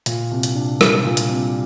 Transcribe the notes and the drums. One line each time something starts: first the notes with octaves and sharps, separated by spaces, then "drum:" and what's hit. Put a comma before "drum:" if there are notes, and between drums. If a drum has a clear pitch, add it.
A#2, drum: hi-hat
C2
drum: hi-hat
D4
G3, drum: rim click
A#2
drum: hi-hat
C2